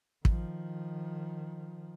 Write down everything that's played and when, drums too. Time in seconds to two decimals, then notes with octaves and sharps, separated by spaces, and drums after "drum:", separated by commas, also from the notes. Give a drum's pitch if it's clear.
0.25 D#3 F3, drum: kick